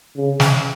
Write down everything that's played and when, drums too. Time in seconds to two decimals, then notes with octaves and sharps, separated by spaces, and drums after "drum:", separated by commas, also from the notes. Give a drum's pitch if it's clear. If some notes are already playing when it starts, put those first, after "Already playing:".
0.17 C#3
0.40 drum: snare